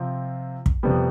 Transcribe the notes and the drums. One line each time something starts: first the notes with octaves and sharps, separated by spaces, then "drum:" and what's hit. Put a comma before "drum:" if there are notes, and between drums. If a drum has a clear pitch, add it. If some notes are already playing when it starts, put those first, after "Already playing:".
Already playing: C3 F3 C4 F4
drum: kick
F2 C3 G3 B3